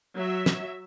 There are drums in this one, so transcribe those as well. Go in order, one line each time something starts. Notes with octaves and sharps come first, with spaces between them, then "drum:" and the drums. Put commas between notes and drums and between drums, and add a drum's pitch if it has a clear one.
F#3 E5
drum: snare